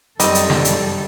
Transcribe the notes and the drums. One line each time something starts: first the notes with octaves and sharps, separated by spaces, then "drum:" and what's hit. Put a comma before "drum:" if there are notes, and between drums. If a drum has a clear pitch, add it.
F#2 G3 C4 D#4 A4, drum: hi-hat
drum: hi-hat
drum: snare
drum: hi-hat